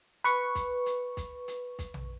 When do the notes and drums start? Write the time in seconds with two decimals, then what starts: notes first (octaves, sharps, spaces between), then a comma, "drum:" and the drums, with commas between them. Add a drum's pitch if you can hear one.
0.24 B4 C#6, drum: hi-hat
0.55 drum: kick, hi-hat
0.86 drum: hi-hat
1.17 drum: kick, hi-hat
1.48 drum: hi-hat
1.79 drum: kick, hi-hat
1.94 drum: tom A#1